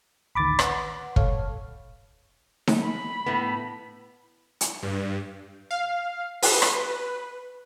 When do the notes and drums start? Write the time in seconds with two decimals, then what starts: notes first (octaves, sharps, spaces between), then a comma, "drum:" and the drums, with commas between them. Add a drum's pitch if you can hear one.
0.35 A1 D2 D#3 B5 D6 A6
0.59 B4 F#5, drum: rim click
1.16 A4 C#5 F5, drum: kick
2.67 drum: snare D#4
2.83 B5
3.26 A2 B3
4.61 drum: hi-hat
4.83 G2
5.71 F5
6.42 B4, drum: open hi-hat
6.62 drum: rim click